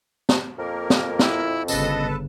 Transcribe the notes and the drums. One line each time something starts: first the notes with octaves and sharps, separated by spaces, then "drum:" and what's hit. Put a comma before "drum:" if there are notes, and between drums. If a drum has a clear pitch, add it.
drum: snare
F2 A#3 A#4
drum: snare
E4, drum: snare
G1 C#3 A4 B4 D#5 A5, drum: tambourine